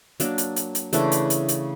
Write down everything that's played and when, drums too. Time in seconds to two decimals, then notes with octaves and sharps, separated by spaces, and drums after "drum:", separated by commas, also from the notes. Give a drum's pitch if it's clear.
0.20 F#3 A#3 D4, drum: hi-hat
0.38 drum: hi-hat
0.56 drum: hi-hat
0.75 drum: hi-hat
0.93 C#3 E3 A3 D4, drum: hi-hat
1.12 drum: hi-hat
1.30 drum: hi-hat
1.48 drum: hi-hat